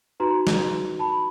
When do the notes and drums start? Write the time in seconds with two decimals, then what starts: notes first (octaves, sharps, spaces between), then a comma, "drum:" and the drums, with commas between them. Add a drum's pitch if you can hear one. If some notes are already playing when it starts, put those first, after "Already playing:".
0.20 D#4 F#4 B4 A#5 C6
0.47 drum: snare
0.99 A5 B5